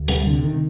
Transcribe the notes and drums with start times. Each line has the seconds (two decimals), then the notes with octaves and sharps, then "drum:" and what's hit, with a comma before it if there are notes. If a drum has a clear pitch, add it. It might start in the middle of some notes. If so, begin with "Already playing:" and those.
Already playing: D2
0.08 C3 G3, drum: hi-hat
0.27 D3
0.33 C3
0.44 D#3